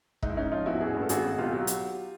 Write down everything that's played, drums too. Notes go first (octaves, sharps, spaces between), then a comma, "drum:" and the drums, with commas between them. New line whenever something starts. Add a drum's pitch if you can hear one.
G#2 D#4, drum: kick
E4
G#2 C#4 D#4
F3 D#4 F4
E2 E4 F#4
A1 F#4 G#4
G2
A4
G#1 F#4 G#4, drum: hi-hat
G#1
B1 F4 G4
F#3
drum: hi-hat